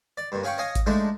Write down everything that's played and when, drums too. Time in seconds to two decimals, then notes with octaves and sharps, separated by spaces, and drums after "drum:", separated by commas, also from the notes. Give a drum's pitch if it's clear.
0.17 D5
0.32 G2 A#2
0.43 C#4 G#4 F5 G5 C#6
0.58 C#5 D#5 F5 G#5 D#6
0.75 drum: kick G#1, hi-hat
0.86 F3 G#3 A3 D4 D#4